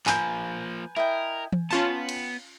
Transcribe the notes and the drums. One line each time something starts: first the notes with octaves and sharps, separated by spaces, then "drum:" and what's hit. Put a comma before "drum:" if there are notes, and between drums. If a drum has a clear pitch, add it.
F3 A#3 B4 G#5 A#5 G6, drum: clap
E4 A#4 D#5 G5
drum: tom E3
B3 C#4 F4 G5 A5
drum: cymbal